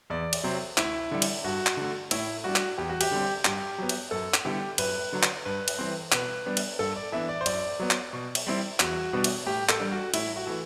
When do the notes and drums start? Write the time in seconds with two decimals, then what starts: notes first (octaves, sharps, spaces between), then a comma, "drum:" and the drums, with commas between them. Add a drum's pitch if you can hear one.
0.10 E2 D5
0.33 drum: cymbal
0.44 C3 F#3 C4
0.78 D2 E4, drum: clap
1.11 D3 G3
1.22 drum: cymbal
1.44 G2 F#4
1.67 drum: clap
1.77 D3 A3
2.11 A2 E4, drum: cymbal
2.44 G3 D4 F#4
2.56 drum: clap
2.78 E2 G4
2.89 F#4
3.01 G4, drum: cymbal
3.11 D3 G3 C4
3.45 G2 G4, drum: clap
3.78 F#3 B3
3.89 drum: cymbal
4.11 F#2 A4
4.34 drum: clap
4.45 D3 G3 B3 E4 G4
4.78 F#2 B4, drum: cymbal
5.13 D3 F#3
5.23 drum: clap
5.46 G2 B4
5.68 drum: cymbal
5.79 E3 G3 C4
6.12 B2 B4, drum: clap
6.46 G3 B3 D4
6.57 drum: cymbal
6.79 G2 A4
6.96 D5
7.12 E3 B3 D4 E5
7.29 D5
7.41 C5
7.46 F#2 D5, drum: cymbal
7.80 F#3 B3
7.91 drum: clap
8.13 B2
8.35 drum: cymbal
8.47 G3 C4 E4
8.80 E2 F#4, drum: clap
9.13 B2 G3 B3 D4
9.24 drum: cymbal
9.47 A2 G4
9.69 A4, drum: clap
9.80 G3 D4
9.91 F#4
10.14 A2 E4, drum: cymbal
10.36 F#4
10.47 E3 A3